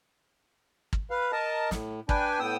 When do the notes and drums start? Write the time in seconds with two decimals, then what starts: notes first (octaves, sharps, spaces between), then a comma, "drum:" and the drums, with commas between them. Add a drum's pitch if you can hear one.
0.93 drum: kick
1.11 B4 F5
1.32 A#4 D#5 A5
1.71 A2, drum: snare
2.09 D4 B4 G5 G#5, drum: kick
2.40 A2 B3 G5 D#6 E6